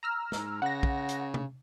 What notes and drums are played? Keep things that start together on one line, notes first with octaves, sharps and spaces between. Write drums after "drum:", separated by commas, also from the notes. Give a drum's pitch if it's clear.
A#5 E6 F6
G#2, drum: snare
C#3 F#5 A#6
drum: kick
drum: hi-hat
drum: tom C3